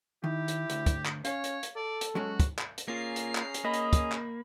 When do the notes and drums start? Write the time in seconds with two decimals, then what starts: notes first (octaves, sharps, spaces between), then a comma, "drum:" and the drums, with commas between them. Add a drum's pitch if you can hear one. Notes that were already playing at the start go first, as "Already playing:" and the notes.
0.24 D#3 E4 G4
0.48 drum: hi-hat
0.70 D2, drum: hi-hat
0.86 drum: kick, hi-hat
1.06 drum: clap
1.25 C#4 C#5 F5, drum: hi-hat
1.44 drum: hi-hat
1.63 drum: hi-hat
1.76 A4 D5
2.01 drum: hi-hat
2.15 F#3 G#3 C#4 F#4
2.40 drum: kick, hi-hat
2.59 drum: clap
2.78 drum: hi-hat
2.88 A#3 C#4 F4 G#4 A#5 C7
3.16 drum: hi-hat
3.35 drum: clap
3.54 drum: hi-hat
3.65 A#3 D#5 B5
3.74 drum: hi-hat
3.93 drum: kick, hi-hat
4.12 drum: clap